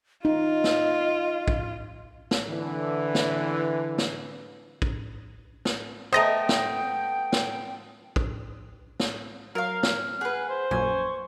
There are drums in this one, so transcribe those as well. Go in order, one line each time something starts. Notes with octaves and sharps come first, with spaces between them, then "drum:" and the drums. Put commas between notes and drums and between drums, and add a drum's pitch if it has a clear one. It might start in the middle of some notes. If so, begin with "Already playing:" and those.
D#4 F4 D#5
drum: snare
drum: kick
drum: snare
D3 E3
drum: snare
drum: snare
drum: kick
drum: snare
A3 B3 C5 D#5 G5 A#5 D#6 A#6
drum: snare
drum: snare
drum: kick
drum: snare
F#3 A#4 F5 F6
drum: snare
G#4 B4 F#5
C5
A#1 F#2 A#2 G#5 C#6